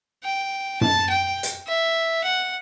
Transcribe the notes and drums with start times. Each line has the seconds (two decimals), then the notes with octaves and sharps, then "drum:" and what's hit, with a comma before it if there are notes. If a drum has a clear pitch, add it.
0.24 G5
0.81 A5, drum: tom F#2
1.10 G5
1.43 drum: hi-hat
1.67 E5
2.24 F#5